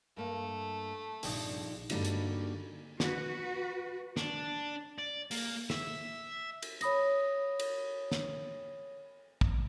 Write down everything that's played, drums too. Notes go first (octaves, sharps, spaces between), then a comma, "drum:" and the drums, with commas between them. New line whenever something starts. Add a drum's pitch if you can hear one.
G2 A3 A#3
A#1 G2 C3 D4 D#4, drum: open hi-hat
G2 D3 G3 A#3 D#4 F#4, drum: cymbal
drum: hi-hat
F#4 B4, drum: snare
D4, drum: snare
D5
A#3, drum: open hi-hat
E5, drum: snare
drum: cymbal
C#5 B5 D#6 A#6, drum: hi-hat
drum: cymbal
drum: snare
drum: kick